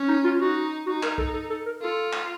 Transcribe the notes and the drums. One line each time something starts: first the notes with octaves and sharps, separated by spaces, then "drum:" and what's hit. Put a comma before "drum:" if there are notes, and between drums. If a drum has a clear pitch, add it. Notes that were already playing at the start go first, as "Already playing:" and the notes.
Already playing: C#4
D#4
F4
D#4 F#4
D#4 F#4
A#4, drum: clap
A4, drum: kick
A4
A4
A#4
F4 A4
drum: clap